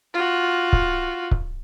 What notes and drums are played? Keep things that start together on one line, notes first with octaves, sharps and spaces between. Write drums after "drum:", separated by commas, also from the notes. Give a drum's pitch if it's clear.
F4 F#4
drum: kick C#1
drum: kick C#1